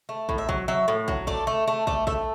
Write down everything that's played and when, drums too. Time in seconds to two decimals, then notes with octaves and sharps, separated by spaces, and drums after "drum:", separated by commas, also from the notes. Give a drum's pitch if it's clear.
0.09 A3
0.29 A2, drum: kick
0.38 E5
0.49 F#3, drum: kick
0.68 F#3 E5
0.88 A2
1.08 F#3, drum: kick
1.27 A3 D5, drum: kick
1.47 A3
1.68 A3
1.87 A3 D5, drum: kick
2.07 A3 E5, drum: kick